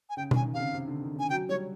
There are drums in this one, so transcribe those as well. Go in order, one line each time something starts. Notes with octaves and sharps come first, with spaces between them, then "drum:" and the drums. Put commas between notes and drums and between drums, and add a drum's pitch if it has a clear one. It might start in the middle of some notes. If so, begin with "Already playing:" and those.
G#5
C#3 G5
D#3 G#5, drum: tom B2
D#3
C3 F5
C#3
C3
D3
D#3
C#3 G#5
F#3 G5
G3 C#5